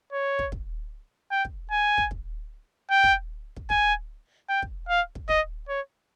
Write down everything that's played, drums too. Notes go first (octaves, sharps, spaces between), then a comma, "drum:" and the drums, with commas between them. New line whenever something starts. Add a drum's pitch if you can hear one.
C#5
drum: kick
drum: kick
G5
drum: kick
G#5
drum: kick
drum: kick
G5
drum: kick
drum: kick
G#5, drum: kick
G5
drum: kick
F5
drum: kick
D#5, drum: kick
C#5